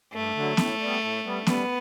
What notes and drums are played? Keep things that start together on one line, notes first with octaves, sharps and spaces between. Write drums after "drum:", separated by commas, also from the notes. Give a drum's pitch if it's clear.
G2 A3
D3 F#3
A2, drum: snare B3
G3 B3
A2
G3 B3
G3 B3, drum: snare B3